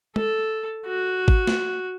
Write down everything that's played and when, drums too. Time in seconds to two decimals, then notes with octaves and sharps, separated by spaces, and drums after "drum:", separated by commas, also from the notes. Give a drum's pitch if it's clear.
0.16 A4, drum: tom G#3
0.86 F#4
1.28 drum: kick G#1
1.47 drum: snare